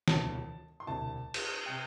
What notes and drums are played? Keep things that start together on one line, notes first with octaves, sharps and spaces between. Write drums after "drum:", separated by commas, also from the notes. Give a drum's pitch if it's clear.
E1 D2 C3 A5, drum: snare
C6
E1 D2 C3 A5
drum: cymbal
C3 G5